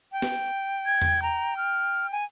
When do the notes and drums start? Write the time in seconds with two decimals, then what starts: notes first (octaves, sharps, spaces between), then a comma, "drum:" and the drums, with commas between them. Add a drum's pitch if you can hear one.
0.12 G5
0.22 drum: snare
0.86 G#6
1.02 drum: tom E2
1.22 A#5
1.57 F6
2.12 G#5